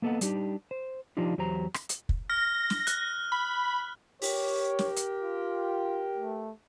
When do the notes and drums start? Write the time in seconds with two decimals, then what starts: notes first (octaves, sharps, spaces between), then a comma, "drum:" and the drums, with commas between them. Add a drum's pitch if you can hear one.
0.02 A#3 B3 A4 D#5 F#5
0.21 G3 D4 D#4 G4, drum: hi-hat
0.71 C5
1.17 F3 D4 D#4 F4 G4
1.38 E2 F#3 G4 C5 A#5
1.74 drum: rim click
1.89 drum: hi-hat
2.09 drum: kick
2.30 F6 A#6
2.70 drum: snare
2.87 F#6, drum: hi-hat
3.32 B5
4.22 G4 A#4 C#5, drum: open hi-hat
4.79 drum: snare
4.97 drum: hi-hat
5.22 F4
6.17 A3